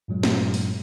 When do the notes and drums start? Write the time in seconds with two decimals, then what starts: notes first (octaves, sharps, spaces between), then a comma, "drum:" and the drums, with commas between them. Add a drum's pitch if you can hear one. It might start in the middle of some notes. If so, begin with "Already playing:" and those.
0.08 G2 A#2 F#3 G#3
0.23 drum: snare
0.54 drum: open hi-hat